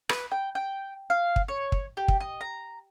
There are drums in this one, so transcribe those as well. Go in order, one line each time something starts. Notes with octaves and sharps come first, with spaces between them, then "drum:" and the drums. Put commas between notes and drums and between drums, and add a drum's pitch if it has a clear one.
B4, drum: rim click
G5
G5
F5
drum: kick
C#5
drum: kick
G4
drum: kick
D#5
A#5